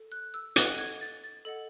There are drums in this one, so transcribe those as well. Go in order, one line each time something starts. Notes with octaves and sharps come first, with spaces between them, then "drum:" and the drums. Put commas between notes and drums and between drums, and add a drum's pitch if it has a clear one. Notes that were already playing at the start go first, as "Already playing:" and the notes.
Already playing: A4
F#6
E6
A4 D#5 F#5 F#6, drum: hi-hat
G#6
A6
A6
A4 D#5 F#5